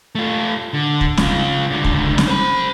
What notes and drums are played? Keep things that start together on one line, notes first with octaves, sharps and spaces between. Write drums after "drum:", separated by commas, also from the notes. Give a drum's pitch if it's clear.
A3 F4
D3
drum: kick
C#3 F4, drum: snare
C#2 D3
drum: kick
drum: snare
C5 B5